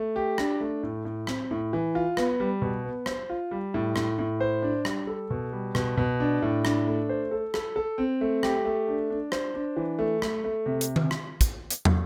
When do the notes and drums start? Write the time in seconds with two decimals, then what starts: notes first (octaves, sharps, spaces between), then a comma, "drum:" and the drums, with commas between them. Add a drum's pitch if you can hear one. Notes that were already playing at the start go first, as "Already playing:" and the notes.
Already playing: A3
0.16 G4
0.38 D4, drum: rim click
0.60 A3
0.83 A2
1.05 A2
1.27 C4, drum: rim click
1.51 A2
1.73 E3
1.95 F4
2.17 B3, drum: rim click
2.40 G3
2.62 B2
2.84 B3
3.06 C5, drum: rim click
3.30 F4
3.51 G3
3.74 A2
3.96 A2, drum: rim click
4.19 A2
4.40 C5
4.62 D4
4.85 G3, drum: rim click
5.07 A4
5.30 B2
5.52 G3
5.75 B2, drum: rim click
5.97 B2
6.20 D4
6.42 A2
6.65 D4, drum: rim click
6.87 A3
7.09 C5
7.31 A4
7.54 A4, drum: rim click
7.76 A4
7.98 C4
8.21 A3
8.43 G4, drum: rim click
8.65 A3
8.88 D4
9.10 D4
9.32 C5, drum: rim click
9.54 D4
9.76 E3
9.99 A3
10.22 A3, drum: rim click
10.44 A3
10.66 C3
10.81 drum: hi-hat
10.96 drum: tom D#3
11.11 drum: rim click
11.41 drum: kick, hi-hat
11.70 drum: hi-hat
11.85 drum: tom